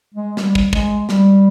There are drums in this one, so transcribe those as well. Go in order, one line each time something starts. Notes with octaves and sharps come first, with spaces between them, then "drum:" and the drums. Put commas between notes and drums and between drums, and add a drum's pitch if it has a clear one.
G#3
G3, drum: snare
drum: kick
G#3, drum: kick
G3, drum: snare